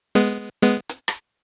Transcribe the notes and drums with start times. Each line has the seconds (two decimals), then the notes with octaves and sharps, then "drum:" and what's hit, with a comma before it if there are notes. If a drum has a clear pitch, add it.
0.15 G#3 B3
0.62 G#3 B3
0.89 drum: hi-hat
1.08 drum: rim click